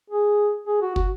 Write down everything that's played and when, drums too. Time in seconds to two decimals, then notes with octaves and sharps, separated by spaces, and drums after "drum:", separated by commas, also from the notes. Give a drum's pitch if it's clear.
0.10 G#4
0.67 G#4
0.82 F#4
0.96 F#4, drum: kick